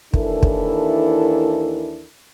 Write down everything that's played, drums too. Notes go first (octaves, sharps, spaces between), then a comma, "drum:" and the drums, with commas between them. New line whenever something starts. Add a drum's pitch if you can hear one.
D#2 E3 D4 E4 A4 A#4, drum: kick
drum: kick